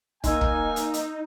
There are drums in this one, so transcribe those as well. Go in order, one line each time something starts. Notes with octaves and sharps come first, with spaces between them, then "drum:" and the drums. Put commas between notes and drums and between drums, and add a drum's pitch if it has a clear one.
A#3 D#4 D#5 G#5 C6 E6, drum: kick, hi-hat
drum: kick
drum: hi-hat
drum: hi-hat